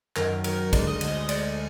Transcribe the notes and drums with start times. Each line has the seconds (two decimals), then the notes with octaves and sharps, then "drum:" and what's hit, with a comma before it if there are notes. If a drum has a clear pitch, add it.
0.16 F#2 D#3 F#3 A#4, drum: clap
0.44 F#2 D#3 F#3 A#4, drum: cymbal
0.73 D2 D3 G#3 D5, drum: kick, cymbal
0.87 D#5
1.01 D2 D3 G#3 D#5, drum: cymbal
1.29 D2 D3 G#3 D5, drum: cymbal